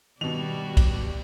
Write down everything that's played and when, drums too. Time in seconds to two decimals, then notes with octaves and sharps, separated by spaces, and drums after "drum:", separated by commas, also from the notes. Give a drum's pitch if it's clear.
0.21 B2 D#3 G3 F#4 F7
0.77 drum: kick, cymbal